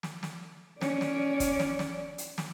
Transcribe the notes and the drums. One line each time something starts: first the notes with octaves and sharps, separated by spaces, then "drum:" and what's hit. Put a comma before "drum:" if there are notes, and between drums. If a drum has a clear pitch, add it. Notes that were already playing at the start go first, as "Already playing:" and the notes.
drum: snare
drum: snare
C#4 D5, drum: snare
drum: snare
drum: kick, hi-hat
drum: snare
drum: snare
drum: hi-hat
drum: snare